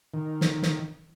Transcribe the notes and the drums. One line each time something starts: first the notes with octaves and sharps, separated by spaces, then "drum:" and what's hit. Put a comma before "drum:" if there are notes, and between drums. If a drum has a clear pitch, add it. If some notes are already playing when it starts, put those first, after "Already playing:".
D#3
drum: snare
drum: snare